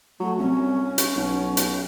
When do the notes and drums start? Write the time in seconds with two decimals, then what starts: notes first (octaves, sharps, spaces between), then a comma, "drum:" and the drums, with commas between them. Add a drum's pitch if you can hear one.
0.20 F#3 A3
0.39 C2 C#4
0.98 drum: hi-hat
1.16 B1
1.57 drum: hi-hat